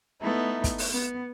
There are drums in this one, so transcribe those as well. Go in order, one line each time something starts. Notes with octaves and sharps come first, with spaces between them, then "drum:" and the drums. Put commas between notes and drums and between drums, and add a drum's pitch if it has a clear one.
A3 B3 D#4 E4
drum: kick, hi-hat
drum: open hi-hat
B3